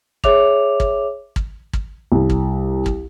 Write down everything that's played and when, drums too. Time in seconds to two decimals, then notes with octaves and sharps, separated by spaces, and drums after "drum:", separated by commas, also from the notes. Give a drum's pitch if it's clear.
0.24 G#4 C#5 E5 D6 F7, drum: kick
0.80 drum: kick
1.36 drum: kick
1.73 drum: kick
2.12 C2
2.30 drum: kick
2.86 drum: kick